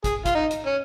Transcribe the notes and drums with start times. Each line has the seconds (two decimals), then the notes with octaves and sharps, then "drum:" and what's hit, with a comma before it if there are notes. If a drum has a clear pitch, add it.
0.04 G#4, drum: kick, hi-hat
0.25 F4, drum: kick, hi-hat
0.35 D#4
0.51 drum: hi-hat
0.66 C#4